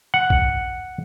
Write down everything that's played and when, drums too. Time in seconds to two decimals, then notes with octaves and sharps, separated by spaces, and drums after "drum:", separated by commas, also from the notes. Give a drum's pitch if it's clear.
0.14 F#5
0.30 drum: kick A#1